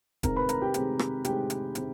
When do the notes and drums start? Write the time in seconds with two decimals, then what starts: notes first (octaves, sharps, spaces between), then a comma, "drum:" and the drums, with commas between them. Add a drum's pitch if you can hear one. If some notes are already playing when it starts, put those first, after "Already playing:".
0.23 C3 D#3 G#3 C4 A#4 A#5, drum: kick E1, hi-hat
0.36 B4 B5
0.49 A#4 A#5, drum: hi-hat
0.62 G4 G5
0.74 C3 D#3 G#3 C4, drum: hi-hat
0.99 drum: rim click
1.25 C3 D#3 G#3 C4 G4 G5, drum: hi-hat
1.50 drum: hi-hat
1.75 C3 D#3 G#3 C4, drum: hi-hat